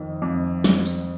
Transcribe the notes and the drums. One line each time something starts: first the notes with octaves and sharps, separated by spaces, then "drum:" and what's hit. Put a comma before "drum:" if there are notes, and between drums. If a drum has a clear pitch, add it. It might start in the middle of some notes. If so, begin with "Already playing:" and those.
Already playing: F2 D#3
F2
F2, drum: snare
drum: tambourine